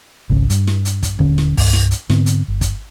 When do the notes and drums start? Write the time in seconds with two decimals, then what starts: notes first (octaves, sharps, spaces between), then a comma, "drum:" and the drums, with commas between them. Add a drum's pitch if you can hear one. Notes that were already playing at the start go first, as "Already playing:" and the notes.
0.30 G#1 C#2 C#3 C#4
0.50 G2, drum: hi-hat
0.67 drum: snare
0.85 drum: hi-hat
1.03 drum: kick, hi-hat
1.19 D#1 D3 C#4, drum: kick
1.38 drum: snare
1.57 C2 G2, drum: kick, open hi-hat
1.73 drum: snare
1.91 drum: hi-hat
2.10 G#2 D3 B3 C4, drum: snare
2.26 drum: hi-hat
2.48 G1
2.61 drum: kick, hi-hat